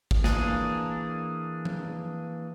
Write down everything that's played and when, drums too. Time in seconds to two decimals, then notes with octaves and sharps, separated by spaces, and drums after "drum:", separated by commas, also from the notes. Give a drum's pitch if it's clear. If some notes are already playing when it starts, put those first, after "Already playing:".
0.11 drum: kick G#1
0.24 E3 A#3 D4 G#4, drum: snare
1.65 drum: tom F3